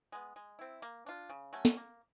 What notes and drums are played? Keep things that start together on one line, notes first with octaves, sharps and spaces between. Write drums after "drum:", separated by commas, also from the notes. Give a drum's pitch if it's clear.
G#3 B3
G#3
C4 E4
A#3
D4 F4
C#3
F#3 A3 C#4
drum: snare
A#3